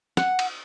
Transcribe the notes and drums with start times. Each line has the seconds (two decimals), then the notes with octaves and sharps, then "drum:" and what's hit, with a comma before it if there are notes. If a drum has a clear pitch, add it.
0.17 F#5, drum: snare
0.39 drum: cymbal